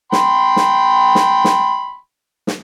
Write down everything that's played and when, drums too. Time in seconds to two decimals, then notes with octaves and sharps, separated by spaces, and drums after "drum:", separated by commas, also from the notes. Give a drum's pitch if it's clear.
0.12 G5 B5 C6, drum: snare
0.56 drum: snare
1.15 drum: snare
1.44 drum: snare
2.47 drum: snare